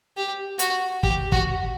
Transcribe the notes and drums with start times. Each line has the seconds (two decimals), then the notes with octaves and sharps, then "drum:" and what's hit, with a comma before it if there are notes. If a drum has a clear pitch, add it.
0.17 G4
0.59 F#4, drum: hi-hat
1.03 G4, drum: kick
1.32 F#4, drum: kick